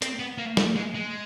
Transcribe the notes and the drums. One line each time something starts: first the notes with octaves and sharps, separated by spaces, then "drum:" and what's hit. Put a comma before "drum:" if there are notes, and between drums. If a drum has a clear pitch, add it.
C4, drum: hi-hat
B3
A#3
A3, drum: snare
G#3
G#3